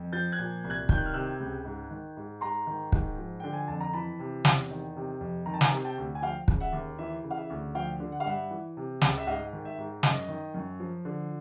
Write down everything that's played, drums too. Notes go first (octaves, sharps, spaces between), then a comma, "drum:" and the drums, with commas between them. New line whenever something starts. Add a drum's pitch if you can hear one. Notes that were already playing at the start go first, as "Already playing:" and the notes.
Already playing: F2
F3 G6 A6
F#6 G#6
A#2
C2
F#6 G#6
D#3 G6, drum: kick
F#6
F6
C3 E6 F#6
C#2
G#2
D#3
G#2
G#2 A#5 C6
D#3
G#2, drum: kick
F3
D3 G5
G#5
F2 A5
A#5
E3 A5 B5
C3
E2, drum: snare
D#3
C3
F2
D#3 A#5
A5
G#5 A#5, drum: snare
C3
G5 A5
D2
G#5
F3 F5 G5
C#3, drum: kick
E5 F#5
D#2
E3 E5
C#3
F5
E5
D2
F3 F5 G5
D3
F#5
F5
G2 E5 F#5
E3
C3
C#2, drum: snare
E5
G#2 D#5 F5
D#3
E5
G#2
F#2 D#5, drum: snare
D#3
F#2
F3
D3